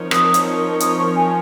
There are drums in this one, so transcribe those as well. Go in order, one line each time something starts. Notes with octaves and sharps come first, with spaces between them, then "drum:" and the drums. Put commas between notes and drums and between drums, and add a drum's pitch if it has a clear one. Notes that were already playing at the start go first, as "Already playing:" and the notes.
Already playing: F3 C4 D#4 A#4 C#5
D#6, drum: rim click
drum: hi-hat
D#6, drum: hi-hat
C#6
G#5